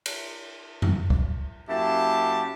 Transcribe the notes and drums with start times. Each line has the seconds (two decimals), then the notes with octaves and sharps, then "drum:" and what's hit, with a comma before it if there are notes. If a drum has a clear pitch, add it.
0.06 drum: cymbal
0.82 drum: tom F2
1.10 drum: kick
1.69 F#2 A#3 E4 G4 A5